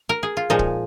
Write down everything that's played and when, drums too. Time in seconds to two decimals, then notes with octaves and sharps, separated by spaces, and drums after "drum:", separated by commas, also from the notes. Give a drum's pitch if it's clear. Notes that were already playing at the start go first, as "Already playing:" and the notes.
Already playing: C#5
0.09 A#4
0.23 G#4
0.37 F4
0.50 A#2 F3 G#3 D#4
0.59 drum: kick